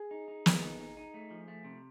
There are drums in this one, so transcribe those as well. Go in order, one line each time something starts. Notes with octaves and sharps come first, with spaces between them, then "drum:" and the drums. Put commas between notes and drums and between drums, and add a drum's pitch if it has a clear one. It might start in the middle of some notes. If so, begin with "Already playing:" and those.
Already playing: G#4
D#4
D#4
B3, drum: snare
D#4
D#4
D#4
A3
F3
A3
C3